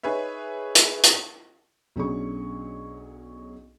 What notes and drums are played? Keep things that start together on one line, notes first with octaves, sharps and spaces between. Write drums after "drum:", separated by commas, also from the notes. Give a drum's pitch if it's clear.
D#4 G#4 B4 C#5 E5
drum: hi-hat
drum: hi-hat
B1 F#3 C#4 D4 G#4 C#6